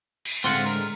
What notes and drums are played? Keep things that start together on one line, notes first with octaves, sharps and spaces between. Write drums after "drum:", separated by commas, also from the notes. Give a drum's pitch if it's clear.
drum: cymbal
A2 D3 G#3 C4 F4 F#5
A#4